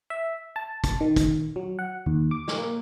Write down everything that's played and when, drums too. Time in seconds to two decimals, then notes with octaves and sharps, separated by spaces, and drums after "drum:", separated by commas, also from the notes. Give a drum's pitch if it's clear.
0.10 E5
0.56 A5
0.84 drum: kick, hi-hat
1.01 D#3
1.16 drum: kick, hi-hat
1.56 F#3
1.79 F#5
2.06 D#2
2.31 D6
2.48 drum: snare
2.58 A#3